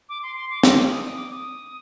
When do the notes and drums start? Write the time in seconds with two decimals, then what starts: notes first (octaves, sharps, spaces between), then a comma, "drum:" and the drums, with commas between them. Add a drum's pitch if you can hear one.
0.09 D6
0.23 C6
0.36 C6
0.50 D6
0.63 D6, drum: snare
0.77 D6
0.91 D#6
1.04 D#6
1.17 D6
1.31 D#6